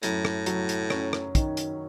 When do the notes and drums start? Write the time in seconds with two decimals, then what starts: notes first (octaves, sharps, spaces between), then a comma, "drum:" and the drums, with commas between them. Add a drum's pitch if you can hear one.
0.03 F#2 A2, drum: hi-hat
0.25 drum: rim click
0.46 F#3, drum: hi-hat
0.69 drum: hi-hat
0.90 C#4, drum: rim click
1.13 drum: rim click
1.35 D#3, drum: kick, hi-hat
1.57 drum: hi-hat